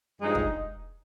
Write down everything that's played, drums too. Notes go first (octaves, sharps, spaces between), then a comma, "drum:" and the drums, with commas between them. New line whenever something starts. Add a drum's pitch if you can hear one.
G2 F3 G#3 D#4
drum: kick